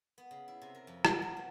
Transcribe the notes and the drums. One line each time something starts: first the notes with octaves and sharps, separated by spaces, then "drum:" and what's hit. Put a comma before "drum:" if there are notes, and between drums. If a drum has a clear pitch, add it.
B3
C#3
E4
C3
A#4
F2
F#4, drum: rim click
A#4
B3